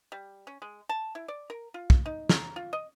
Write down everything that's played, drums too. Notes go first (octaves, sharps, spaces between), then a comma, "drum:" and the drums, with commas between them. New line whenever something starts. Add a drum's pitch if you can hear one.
G3
C#4
G#3
A5
E4
D5
A#4
F4
drum: kick
D#4
A#5, drum: snare
F4
D#5